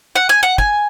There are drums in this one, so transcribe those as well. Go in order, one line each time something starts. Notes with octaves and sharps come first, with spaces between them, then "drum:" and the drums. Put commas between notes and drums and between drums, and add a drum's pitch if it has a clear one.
F#5
G#5
F#5
G#5, drum: kick